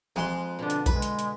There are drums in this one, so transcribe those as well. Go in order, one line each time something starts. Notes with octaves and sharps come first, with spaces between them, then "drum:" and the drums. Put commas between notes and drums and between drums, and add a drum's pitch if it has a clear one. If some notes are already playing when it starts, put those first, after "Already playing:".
F2 G#3 C6
B2 D3 D4
drum: hi-hat
G#3 B4, drum: kick A#1, hi-hat
drum: hi-hat
drum: hi-hat